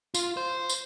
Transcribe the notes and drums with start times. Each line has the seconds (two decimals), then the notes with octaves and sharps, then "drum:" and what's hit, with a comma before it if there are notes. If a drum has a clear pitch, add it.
0.14 F4, drum: tambourine
0.37 C5
0.69 drum: tambourine